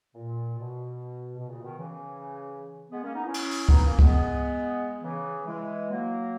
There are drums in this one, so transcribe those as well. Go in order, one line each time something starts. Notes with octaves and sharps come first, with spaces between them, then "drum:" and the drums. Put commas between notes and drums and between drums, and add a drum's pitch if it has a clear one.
A#2
B2
B2
A#2 C#3
B2 D#3
C#3 E3
G#3 B3
A#3 C#4
B3 D#4
C#4 E4
drum: cymbal
drum: open hi-hat
B3 D#4, drum: kick C#2
A#3 C#4
G#3 B3, drum: kick C#2
C#3 E3
E3 G#3
F#3 A#3